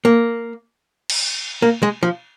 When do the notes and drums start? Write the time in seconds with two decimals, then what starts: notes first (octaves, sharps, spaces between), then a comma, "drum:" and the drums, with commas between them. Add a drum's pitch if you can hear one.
0.05 A#3
1.10 drum: cymbal
1.62 A#3
1.83 G#3
2.03 F3